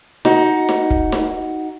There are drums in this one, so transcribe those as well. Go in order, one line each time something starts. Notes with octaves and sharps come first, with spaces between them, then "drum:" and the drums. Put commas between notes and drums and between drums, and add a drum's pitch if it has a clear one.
D#4 F#4, drum: snare D#4
drum: snare D#4
drum: kick
drum: snare D#4